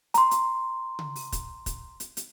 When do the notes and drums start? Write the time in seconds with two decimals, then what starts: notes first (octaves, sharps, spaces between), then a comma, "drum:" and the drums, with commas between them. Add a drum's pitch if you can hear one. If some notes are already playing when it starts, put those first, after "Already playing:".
0.14 A#5 C6, drum: hi-hat
0.31 drum: hi-hat
0.99 drum: tom C#3
1.16 drum: open hi-hat
1.32 drum: kick, hi-hat
1.66 drum: kick, hi-hat
2.00 drum: hi-hat
2.17 drum: hi-hat